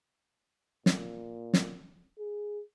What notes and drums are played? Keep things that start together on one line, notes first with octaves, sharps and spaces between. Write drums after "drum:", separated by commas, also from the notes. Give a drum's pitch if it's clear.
A#2, drum: snare
drum: snare
G#4